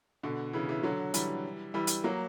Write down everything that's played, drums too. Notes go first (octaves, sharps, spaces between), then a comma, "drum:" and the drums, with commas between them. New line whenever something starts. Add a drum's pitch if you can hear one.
B2 D3
C#3 E3
C#3 E3
D3 F#3
E3 G3, drum: hi-hat
E3 G3
drum: hi-hat
F#3 A#3